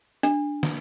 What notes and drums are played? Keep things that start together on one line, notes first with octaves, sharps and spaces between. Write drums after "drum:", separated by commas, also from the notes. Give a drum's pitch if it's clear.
D4, drum: hi-hat
drum: snare